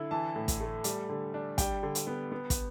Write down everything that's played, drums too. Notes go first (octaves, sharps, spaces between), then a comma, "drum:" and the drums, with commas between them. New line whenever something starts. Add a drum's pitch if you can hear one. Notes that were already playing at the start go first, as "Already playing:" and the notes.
Already playing: D3 E4
E3 A5
A2
drum: kick, hi-hat
A3
G3, drum: hi-hat
D3
D4
G3 G5, drum: kick, hi-hat
D3
drum: hi-hat
B3
B3
drum: kick, hi-hat